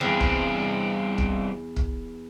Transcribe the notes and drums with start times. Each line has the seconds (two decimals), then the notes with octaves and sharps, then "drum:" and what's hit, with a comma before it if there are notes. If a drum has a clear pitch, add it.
0.01 E2 G2 C4
0.20 drum: kick
1.18 drum: kick
1.76 drum: kick